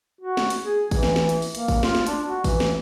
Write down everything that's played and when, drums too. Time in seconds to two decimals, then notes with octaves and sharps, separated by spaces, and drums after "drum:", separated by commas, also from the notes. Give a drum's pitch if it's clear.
0.21 F#4
0.37 drum: snare
0.50 drum: hi-hat
0.64 G#4
0.91 E3, drum: kick, open hi-hat
1.03 drum: snare
1.16 drum: snare
1.29 drum: hi-hat
1.42 drum: open hi-hat
1.55 A#3, drum: hi-hat
1.68 drum: kick, open hi-hat
1.83 F4, drum: snare
1.95 drum: snare
2.07 D4, drum: hi-hat
2.27 F#4
2.44 E3, drum: kick, open hi-hat
2.60 drum: snare